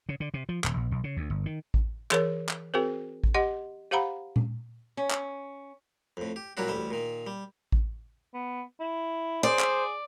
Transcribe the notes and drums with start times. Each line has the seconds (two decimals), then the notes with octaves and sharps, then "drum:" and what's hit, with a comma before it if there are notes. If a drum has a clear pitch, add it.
0.09 C#3
0.20 D3
0.34 C3
0.49 F3
0.64 D#1, drum: clap
0.77 A#1
0.91 B1
1.04 C#3
1.17 D2
1.30 G1
1.46 D#3
1.74 drum: kick A1
2.11 E3 G#4 A#4 C#5, drum: clap
2.49 drum: clap
2.74 C4 F#4 G#4 A#4 C5
3.24 drum: kick A1
3.34 G4 D#5 F#5 C6
3.91 G4 C5 F5 F#5 A#5 B5
4.36 drum: tom A#2
4.97 C#4
5.11 drum: clap
6.17 F2 A2
6.36 G4
6.57 A#2 F#3 G3 C#4 E4 F#4
6.68 A1 D2 G3 E5
6.91 A#2 D#3
7.27 G3
7.72 drum: kick A1
8.34 B3
8.80 E4
9.43 G#4 C5 D5
9.59 drum: clap